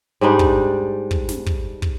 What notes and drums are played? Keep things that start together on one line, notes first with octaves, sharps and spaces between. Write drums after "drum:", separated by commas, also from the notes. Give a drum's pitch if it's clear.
G#2 G3 D4 D#4
drum: kick
drum: kick
drum: snare
drum: kick
drum: kick